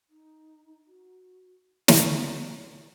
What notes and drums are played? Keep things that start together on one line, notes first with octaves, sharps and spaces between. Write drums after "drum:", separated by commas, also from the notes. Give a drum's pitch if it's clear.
D#4
F#4
F4, drum: snare